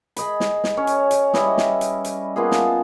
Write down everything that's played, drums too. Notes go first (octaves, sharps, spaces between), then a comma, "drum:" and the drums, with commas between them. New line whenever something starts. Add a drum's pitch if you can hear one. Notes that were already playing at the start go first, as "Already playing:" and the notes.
G#4 D#5 B5, drum: hi-hat
drum: snare
drum: snare
C#4 C#5
drum: hi-hat
drum: hi-hat
G3 E4 B4 D#5, drum: snare
drum: snare
drum: hi-hat
drum: hi-hat
A#3 B3 F4 G#4
A5, drum: snare